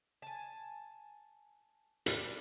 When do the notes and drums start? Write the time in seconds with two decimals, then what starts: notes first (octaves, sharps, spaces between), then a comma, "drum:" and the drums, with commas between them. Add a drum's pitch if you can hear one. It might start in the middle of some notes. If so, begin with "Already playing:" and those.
0.22 G#5 A5
2.06 G3, drum: hi-hat